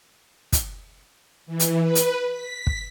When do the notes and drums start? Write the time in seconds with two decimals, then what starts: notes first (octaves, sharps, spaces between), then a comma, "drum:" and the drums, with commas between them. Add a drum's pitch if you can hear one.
0.53 drum: kick, hi-hat
1.46 E3
1.60 drum: hi-hat
1.81 B4
1.95 drum: hi-hat
2.31 B6
2.67 drum: kick